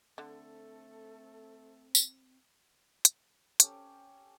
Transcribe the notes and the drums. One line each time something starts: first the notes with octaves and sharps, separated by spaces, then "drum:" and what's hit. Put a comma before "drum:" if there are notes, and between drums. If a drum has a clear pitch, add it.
D3 A3 C4 A4
drum: tambourine
drum: hi-hat
C#4 G4 A4, drum: hi-hat